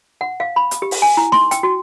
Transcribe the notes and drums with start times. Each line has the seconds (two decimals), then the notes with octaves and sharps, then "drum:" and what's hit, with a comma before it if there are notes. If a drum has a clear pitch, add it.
0.21 F#5
0.40 F5
0.56 B5
0.71 drum: hi-hat
0.82 G4
0.91 drum: open hi-hat
1.02 G#5
1.17 E4
1.32 C6, drum: snare D#4
1.51 G5, drum: hi-hat
1.63 F#4